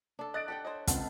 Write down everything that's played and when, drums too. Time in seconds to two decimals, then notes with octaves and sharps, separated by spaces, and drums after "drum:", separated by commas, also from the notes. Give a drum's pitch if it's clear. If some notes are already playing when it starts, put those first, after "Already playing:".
0.19 D4 A4
0.34 D#5 F#6 A6 D7
0.48 G4 A4 F#5 G5
0.65 C5 C#5 D#5
0.87 C#2 C4 F4 A4 F#5 A5, drum: kick, hi-hat